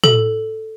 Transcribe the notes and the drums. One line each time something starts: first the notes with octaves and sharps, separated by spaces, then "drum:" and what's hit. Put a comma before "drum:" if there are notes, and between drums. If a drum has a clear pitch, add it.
A4, drum: tom